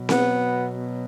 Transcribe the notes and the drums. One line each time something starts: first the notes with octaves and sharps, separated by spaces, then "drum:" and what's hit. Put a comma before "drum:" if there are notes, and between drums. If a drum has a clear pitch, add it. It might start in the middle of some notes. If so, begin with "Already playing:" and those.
Already playing: B2 F#3
B3, drum: snare C4